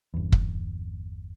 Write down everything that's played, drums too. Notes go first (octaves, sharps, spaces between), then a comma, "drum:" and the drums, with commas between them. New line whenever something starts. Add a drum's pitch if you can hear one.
G1 E2
drum: kick